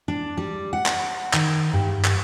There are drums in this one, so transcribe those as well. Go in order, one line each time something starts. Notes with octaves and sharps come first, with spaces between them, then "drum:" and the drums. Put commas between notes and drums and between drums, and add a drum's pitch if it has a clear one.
D4
G3
F#5
drum: clap
D#3, drum: clap
G2
drum: clap